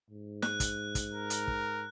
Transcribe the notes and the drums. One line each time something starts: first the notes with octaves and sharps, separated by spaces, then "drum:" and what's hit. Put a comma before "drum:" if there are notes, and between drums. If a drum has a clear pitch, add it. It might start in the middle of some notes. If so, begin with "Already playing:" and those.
G#2
F#6, drum: snare
drum: kick, hi-hat
drum: kick, hi-hat
A#4
drum: hi-hat
drum: kick